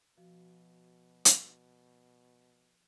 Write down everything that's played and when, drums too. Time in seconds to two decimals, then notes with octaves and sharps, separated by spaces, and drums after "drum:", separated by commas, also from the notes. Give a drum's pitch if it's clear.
0.17 B2 F3 F#4
1.25 drum: hi-hat